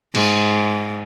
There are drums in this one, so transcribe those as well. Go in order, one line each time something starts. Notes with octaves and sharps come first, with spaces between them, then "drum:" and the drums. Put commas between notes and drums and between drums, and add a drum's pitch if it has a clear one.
G#2, drum: cymbal